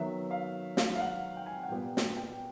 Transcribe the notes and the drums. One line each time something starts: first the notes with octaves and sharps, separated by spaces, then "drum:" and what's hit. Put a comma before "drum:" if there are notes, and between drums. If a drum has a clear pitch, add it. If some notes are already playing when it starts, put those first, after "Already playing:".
Already playing: D#3 F#3 B3 E5
F5
F5, drum: snare
F5
F#5
G5
G#5
F#5
A#2 G3 B3 G5
drum: snare
G5